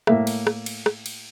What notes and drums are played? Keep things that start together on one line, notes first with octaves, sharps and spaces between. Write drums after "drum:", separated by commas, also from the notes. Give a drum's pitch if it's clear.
A2 A#3 E5, drum: rim click
drum: cymbal
drum: rim click
drum: cymbal
drum: rim click
drum: cymbal